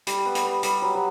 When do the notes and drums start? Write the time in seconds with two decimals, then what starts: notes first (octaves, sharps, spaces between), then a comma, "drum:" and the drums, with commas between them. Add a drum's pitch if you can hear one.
0.07 G3, drum: hi-hat
0.25 B3
0.35 drum: hi-hat
0.44 B3
0.63 G3, drum: hi-hat
0.82 F#3
0.95 F#3